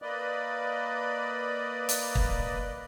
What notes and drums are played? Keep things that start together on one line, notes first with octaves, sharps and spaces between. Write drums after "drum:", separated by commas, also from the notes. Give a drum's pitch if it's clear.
A#3 B4 D5 D#5
drum: hi-hat
drum: kick